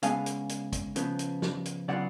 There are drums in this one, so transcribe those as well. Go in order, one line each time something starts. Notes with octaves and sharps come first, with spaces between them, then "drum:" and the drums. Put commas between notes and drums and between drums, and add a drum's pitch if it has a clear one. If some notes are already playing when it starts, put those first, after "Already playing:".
C#3 G#3 B3 D4 F5 G#5, drum: hi-hat
drum: hi-hat
drum: hi-hat
drum: kick, hi-hat
C#3 F3 B3, drum: hi-hat
drum: hi-hat
drum: snare
drum: hi-hat
C#3 F#3 B3 F4 D5 F#5